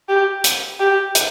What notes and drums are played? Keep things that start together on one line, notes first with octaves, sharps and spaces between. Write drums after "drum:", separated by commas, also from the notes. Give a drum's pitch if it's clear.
G4
drum: hi-hat
G4
drum: hi-hat